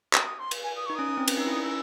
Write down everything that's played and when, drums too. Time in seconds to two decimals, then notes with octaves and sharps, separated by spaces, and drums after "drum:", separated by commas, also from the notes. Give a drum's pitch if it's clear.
0.13 D#6, drum: clap
0.25 D#6
0.39 C6
0.51 drum: cymbal
0.64 G#5
0.76 D#6
0.86 D#4 C#6
0.95 C#4 D#6
1.09 C#4
1.17 C4
1.28 C#4, drum: cymbal
1.37 D#4 E6
1.47 E4
1.51 D#6
1.57 E4
1.63 C#4 E6